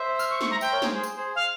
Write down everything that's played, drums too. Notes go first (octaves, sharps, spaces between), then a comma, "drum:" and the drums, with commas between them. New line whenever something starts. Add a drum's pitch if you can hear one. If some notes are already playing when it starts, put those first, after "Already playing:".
Already playing: C5 E5
E6
F6, drum: tambourine
C#6
C#6, drum: snare
A#5
C5 E5 G5, drum: tambourine
A#4 C#5
G#4 C5, drum: snare
G#4 C5
drum: tambourine
G#4 C5
F5